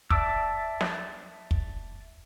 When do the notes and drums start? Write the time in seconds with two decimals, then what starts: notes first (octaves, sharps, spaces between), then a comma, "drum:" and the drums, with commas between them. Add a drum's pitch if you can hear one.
0.10 D5 E5 A5 D6 E6, drum: kick
0.81 drum: snare
1.51 drum: kick